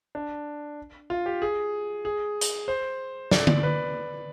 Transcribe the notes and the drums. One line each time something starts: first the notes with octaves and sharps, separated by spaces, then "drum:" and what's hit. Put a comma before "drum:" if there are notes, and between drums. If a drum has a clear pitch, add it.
D4
F4
G4
G#4
G#4
drum: hi-hat
C5
D5, drum: snare
D5, drum: tom D3
B4